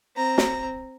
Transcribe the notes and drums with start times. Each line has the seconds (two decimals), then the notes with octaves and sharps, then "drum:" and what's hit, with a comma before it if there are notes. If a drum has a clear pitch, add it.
0.16 C4 A#5
0.38 drum: snare